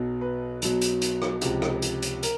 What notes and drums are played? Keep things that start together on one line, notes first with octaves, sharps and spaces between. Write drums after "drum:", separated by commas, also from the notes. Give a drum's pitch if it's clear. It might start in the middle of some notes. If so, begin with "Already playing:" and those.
Already playing: B1 B2 F#3
B4
B1 B2 F#3, drum: hi-hat
drum: hi-hat
drum: hi-hat
drum: rim click
C#2 C3 F3, drum: hi-hat
drum: rim click
drum: hi-hat
drum: hi-hat
A#4, drum: hi-hat